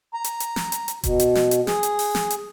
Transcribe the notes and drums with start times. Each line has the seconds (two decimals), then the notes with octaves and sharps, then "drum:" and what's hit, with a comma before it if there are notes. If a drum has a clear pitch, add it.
0.14 A#5
0.24 drum: hi-hat
0.40 drum: hi-hat
0.56 drum: snare
0.72 drum: hi-hat
0.88 drum: hi-hat
1.04 B2, drum: kick E1, hi-hat
1.20 drum: hi-hat
1.35 drum: snare
1.51 drum: hi-hat
1.67 G#4, drum: snare
1.83 drum: hi-hat
1.99 drum: open hi-hat
2.15 drum: snare
2.30 drum: hi-hat